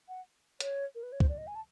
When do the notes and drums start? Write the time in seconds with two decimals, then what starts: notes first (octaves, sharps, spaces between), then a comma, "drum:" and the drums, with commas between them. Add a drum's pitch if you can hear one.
0.08 F#5
0.60 C#5, drum: hi-hat
0.95 A#4
1.03 B4
1.12 C#5
1.20 C5, drum: kick
1.29 D5
1.38 D#5
1.47 G#5
1.55 A5